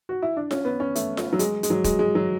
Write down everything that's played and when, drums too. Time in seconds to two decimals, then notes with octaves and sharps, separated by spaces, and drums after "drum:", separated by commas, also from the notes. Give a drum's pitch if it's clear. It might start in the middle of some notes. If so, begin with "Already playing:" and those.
0.09 F#4
0.22 E4
0.37 D4
0.51 C#4, drum: snare F4
0.65 B3
0.80 C#4
0.95 A3, drum: hi-hat
1.17 drum: snare F4
1.33 F#3
1.39 G#3, drum: hi-hat
1.63 G#3, drum: hi-hat
1.70 F#3
1.84 G#3, drum: kick, hi-hat
1.99 G#3
2.15 F#3